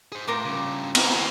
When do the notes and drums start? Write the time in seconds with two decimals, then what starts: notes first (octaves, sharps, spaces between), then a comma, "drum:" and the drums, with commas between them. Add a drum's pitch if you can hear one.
0.12 G#4 C5
0.28 A2 F4 A#4 D6
0.45 G2 C#3
0.95 B3 C4 D#4 E4 A#4, drum: cymbal
1.12 D#3 A#3